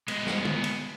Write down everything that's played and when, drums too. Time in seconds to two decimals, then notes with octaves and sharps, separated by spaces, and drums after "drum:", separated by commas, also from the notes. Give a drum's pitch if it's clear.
0.08 G#3 B3, drum: cymbal
0.27 drum: snare
0.45 drum: tom
0.64 drum: cymbal